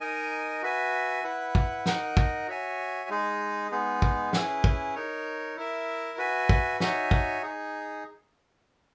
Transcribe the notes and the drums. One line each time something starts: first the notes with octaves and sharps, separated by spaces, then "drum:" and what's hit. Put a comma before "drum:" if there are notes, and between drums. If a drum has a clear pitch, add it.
D#4 A#4 D#5 G#5
F#4 B4 E5 G#5
E4 B4 F#5
drum: kick
D#4 A#4 D#5 F#5, drum: snare
drum: kick
F#4 C#5 E5 G#5
G#3 D#4 G#4 D#5
G#3 B3 D#4 G#4
drum: kick
C#4 E4 G#4 B4, drum: snare
drum: kick
D#4 A#4 C#5
E4 A#4 E5
F#4 B4 E5 G#5
drum: kick
D#4 F#4 C#5 E5 G#5, drum: snare
drum: kick
D#4 G#4